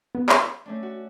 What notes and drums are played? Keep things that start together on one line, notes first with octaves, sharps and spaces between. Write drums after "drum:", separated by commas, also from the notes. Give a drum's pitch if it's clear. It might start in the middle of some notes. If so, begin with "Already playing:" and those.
B3
drum: clap
A3 C#4 D4
F#4